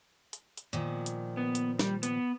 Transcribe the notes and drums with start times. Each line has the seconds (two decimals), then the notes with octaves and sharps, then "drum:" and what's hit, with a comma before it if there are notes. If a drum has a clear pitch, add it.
0.33 drum: hi-hat
0.57 drum: hi-hat
0.73 A#2 D#3 F3
1.06 drum: hi-hat
1.37 B3
1.55 drum: hi-hat
1.79 G3, drum: snare
2.03 B3, drum: hi-hat